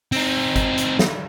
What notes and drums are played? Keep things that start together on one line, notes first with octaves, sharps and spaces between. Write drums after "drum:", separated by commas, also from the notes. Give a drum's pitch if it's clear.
C4 D#4, drum: open hi-hat
drum: kick G#1, hi-hat
drum: hi-hat
drum: snare